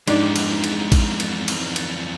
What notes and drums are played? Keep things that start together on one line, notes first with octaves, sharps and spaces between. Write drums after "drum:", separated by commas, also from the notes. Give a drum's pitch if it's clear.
F2 G#2 E3 G#3 D4 D#4 G4 D5, drum: cymbal
drum: cymbal
drum: cymbal
drum: kick A1, cymbal
drum: cymbal
drum: cymbal
drum: cymbal